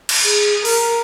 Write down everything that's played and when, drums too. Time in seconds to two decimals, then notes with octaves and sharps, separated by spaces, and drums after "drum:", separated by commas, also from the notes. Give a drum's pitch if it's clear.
0.09 drum: cymbal
0.24 G#4
0.65 A#4, drum: open hi-hat